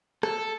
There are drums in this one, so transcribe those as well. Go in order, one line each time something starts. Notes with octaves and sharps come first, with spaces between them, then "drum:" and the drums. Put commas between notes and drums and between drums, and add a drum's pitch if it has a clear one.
A4, drum: rim click